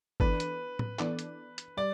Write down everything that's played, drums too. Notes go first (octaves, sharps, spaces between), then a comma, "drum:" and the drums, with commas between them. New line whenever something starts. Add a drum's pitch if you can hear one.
E3 B3 D4 A4 B4 D5, drum: kick G1
drum: hi-hat
drum: tom A2
E3 B3 D4 A4 D5, drum: clap
drum: hi-hat
drum: hi-hat
G3 D5